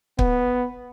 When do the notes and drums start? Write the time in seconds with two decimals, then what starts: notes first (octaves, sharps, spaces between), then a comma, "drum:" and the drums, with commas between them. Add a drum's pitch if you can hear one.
0.19 B3, drum: kick